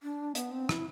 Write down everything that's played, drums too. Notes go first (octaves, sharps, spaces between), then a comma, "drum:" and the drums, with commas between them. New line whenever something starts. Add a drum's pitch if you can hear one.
D4
B3, drum: hi-hat
C4
E4, drum: rim click